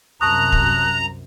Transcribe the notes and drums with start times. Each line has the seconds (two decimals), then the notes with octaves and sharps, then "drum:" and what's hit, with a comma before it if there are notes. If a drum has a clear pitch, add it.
0.21 C2 F#2 A5 A#5 C#6 D#6 F#6
0.52 drum: kick